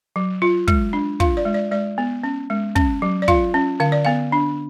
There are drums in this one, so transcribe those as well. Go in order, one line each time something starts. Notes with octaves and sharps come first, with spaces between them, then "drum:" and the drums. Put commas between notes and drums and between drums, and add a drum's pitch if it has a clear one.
F#3
F4
G#3, drum: kick
D4
F4 F5, drum: kick
D5
G#3
D5
G#3 D5
B3
C#4
G#3
C#4, drum: kick
F#3
D5
F4 F5, drum: kick
C#4
D3 F5
D5
B3 F5
D4